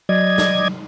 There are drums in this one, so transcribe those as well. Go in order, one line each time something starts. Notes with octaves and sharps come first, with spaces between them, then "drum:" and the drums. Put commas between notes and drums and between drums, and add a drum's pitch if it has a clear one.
F#3 D5 D#5 G#6
drum: snare